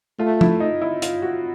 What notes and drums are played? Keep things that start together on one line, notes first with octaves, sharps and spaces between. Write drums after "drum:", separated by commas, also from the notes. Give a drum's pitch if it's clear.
A3 F4
E4, drum: tom
D#4
E4
F4, drum: hi-hat
F#4